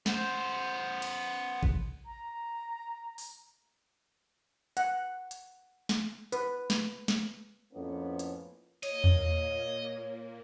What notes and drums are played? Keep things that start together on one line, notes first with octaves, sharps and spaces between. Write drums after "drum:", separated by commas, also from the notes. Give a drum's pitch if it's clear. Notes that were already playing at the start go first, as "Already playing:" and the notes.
B3 C5, drum: snare
drum: cymbal
drum: kick G#1
A#5
drum: open hi-hat
F#5, drum: hi-hat
drum: hi-hat
drum: snare
B4, drum: hi-hat
drum: snare
drum: snare
F2 A2 A#3 B3 C#4
drum: hi-hat
A#2 A#3 C#5 D#5, drum: cymbal
drum: tom E2